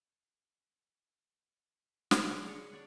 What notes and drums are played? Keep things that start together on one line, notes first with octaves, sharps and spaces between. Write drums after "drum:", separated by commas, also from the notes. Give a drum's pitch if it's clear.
C3, drum: snare
C#3 D4 G#4 D6
G#4 C#5
D4 C#5 D5 F#5